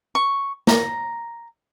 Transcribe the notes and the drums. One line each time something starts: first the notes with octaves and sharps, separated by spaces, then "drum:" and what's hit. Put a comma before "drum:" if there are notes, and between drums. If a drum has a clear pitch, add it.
C#6
A#5, drum: snare